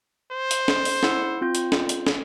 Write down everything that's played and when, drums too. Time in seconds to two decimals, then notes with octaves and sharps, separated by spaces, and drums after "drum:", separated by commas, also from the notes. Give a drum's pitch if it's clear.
0.33 C5
0.51 drum: hi-hat
0.68 drum: snare
0.85 drum: open hi-hat
1.03 E4 F#5 E6, drum: snare
1.41 C4 F4 G6
1.55 drum: hi-hat
1.72 drum: snare
1.89 drum: hi-hat
2.07 drum: snare